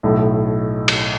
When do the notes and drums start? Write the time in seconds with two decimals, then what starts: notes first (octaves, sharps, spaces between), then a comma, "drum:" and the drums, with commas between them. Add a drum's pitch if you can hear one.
0.03 B1 A2 A3
0.88 drum: cymbal